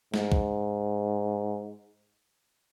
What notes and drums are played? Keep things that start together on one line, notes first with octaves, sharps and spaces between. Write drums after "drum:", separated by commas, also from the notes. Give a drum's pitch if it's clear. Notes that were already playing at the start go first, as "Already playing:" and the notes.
G#2, drum: snare
drum: kick B1